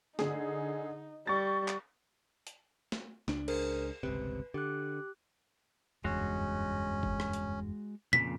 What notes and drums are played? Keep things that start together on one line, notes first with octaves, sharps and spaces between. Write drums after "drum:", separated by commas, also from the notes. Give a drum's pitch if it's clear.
D3 D#4 G#4, drum: snare
G3 C#6 A6
drum: clap
drum: hi-hat
drum: snare
C#2 D4, drum: snare
G#4 A#4 C5, drum: cymbal
G1 C#2 C3 B4
D3 G4 D6 F#6
F#1 E2 G2 G#3 C#4 F#4
drum: kick F#1
drum: rim click
drum: hi-hat
F2 A#2 C#3 B6, drum: tom A#2